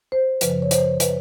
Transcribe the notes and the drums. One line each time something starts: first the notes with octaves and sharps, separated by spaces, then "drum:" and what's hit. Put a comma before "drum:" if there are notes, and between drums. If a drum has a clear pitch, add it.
C5
F#2 C#3 F3 B4, drum: hi-hat
C#5
C5, drum: hi-hat
B4, drum: hi-hat